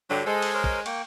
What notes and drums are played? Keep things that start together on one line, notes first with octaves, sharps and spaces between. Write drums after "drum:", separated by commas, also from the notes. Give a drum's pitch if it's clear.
G2 D3 F#3 G4
G#3 A4 C5
drum: cymbal
A#4 C5 C#5
drum: kick
A#3 G5 C#6, drum: cymbal